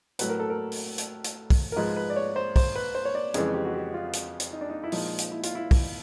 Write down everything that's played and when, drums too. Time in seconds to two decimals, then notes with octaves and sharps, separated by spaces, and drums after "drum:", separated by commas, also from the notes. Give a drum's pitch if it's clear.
0.19 A2 F#3 A3 B4, drum: hi-hat
0.29 A#4
0.40 A4
0.50 A#4
0.72 drum: open hi-hat
0.98 drum: hi-hat
1.24 drum: hi-hat
1.50 drum: kick, open hi-hat
1.72 A#4
1.76 G#2 F3 G#3 B4
1.96 B4
2.10 D5
2.16 C#5
2.36 C5
2.56 C5, drum: kick, open hi-hat
2.76 B4
2.95 C5
3.05 C#5
3.15 D5
3.34 F2 C#3 E3 G#3 G#4, drum: hi-hat
3.54 G4
3.65 F#4
3.74 G4
3.94 F4
4.13 drum: hi-hat
4.40 drum: hi-hat
4.53 D#4
4.61 D4
4.70 D#4
4.84 E4
4.92 A#2 F3 G#3 D#4, drum: open hi-hat
5.18 drum: hi-hat
5.32 E4
5.43 F4, drum: hi-hat
5.55 E4
5.71 drum: kick, open hi-hat